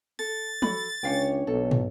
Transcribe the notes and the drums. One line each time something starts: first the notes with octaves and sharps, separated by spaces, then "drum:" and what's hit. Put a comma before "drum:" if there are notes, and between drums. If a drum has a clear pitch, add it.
A4 A6
F#4 A4 B5, drum: tom
C#2 C#4 D4 C#5 F5 G5
B1 A4
drum: tom